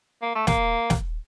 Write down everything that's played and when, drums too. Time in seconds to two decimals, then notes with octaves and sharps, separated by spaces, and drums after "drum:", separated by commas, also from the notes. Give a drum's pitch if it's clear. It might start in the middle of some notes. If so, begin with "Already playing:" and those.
0.22 A#3
0.35 A3
0.47 A#3, drum: snare
0.90 drum: snare